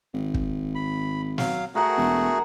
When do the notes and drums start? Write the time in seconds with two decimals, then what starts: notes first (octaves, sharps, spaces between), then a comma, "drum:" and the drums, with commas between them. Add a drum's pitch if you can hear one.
0.14 G#1
0.34 drum: kick
0.75 B5
1.38 F#3 F5, drum: snare
1.75 A3 F#4 G#4 A#4 F#5
1.97 E1